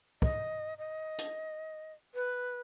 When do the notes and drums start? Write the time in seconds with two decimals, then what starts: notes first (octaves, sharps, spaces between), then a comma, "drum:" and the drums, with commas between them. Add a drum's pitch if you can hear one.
0.22 D#5, drum: kick
0.78 D#5
1.18 drum: hi-hat
2.14 B4